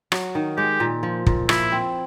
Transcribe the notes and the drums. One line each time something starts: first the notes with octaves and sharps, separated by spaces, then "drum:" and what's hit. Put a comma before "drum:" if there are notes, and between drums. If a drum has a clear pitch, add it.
F#3, drum: rim click
D#3
G#3 G4
A#2
F3
A#2, drum: kick
F3 E4, drum: rim click
C4